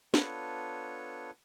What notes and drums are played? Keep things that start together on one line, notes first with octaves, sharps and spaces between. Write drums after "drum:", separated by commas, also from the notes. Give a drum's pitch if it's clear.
B3 D4 F4 A4 B4 C#5, drum: snare